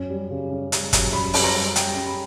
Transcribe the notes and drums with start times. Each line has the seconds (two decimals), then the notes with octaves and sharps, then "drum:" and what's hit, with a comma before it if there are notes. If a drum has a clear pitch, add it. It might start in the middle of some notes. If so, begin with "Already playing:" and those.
Already playing: F#2 C#4
0.10 G3
0.30 C#3
0.51 C#4
0.72 G3, drum: hi-hat
0.93 F#2, drum: kick, hi-hat
1.13 G3 B5
1.34 C#4, drum: open hi-hat
1.44 A#5
1.54 G3
1.76 G3 G5, drum: hi-hat
1.96 C#4
2.06 B5